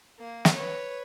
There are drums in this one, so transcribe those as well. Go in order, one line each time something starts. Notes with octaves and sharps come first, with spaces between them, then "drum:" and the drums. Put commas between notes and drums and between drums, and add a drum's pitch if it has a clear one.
A#3
drum: snare
B4 C#5